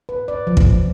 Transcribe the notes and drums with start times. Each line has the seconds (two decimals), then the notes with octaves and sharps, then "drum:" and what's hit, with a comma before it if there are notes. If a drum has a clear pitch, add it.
0.09 B4
0.28 D5
0.47 F3
0.57 drum: kick